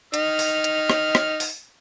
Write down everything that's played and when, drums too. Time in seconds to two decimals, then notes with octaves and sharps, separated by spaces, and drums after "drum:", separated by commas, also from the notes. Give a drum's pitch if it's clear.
0.14 D#4 F6, drum: hi-hat
0.39 drum: open hi-hat
0.64 drum: hi-hat
0.90 drum: rim click
1.15 drum: rim click
1.40 drum: open hi-hat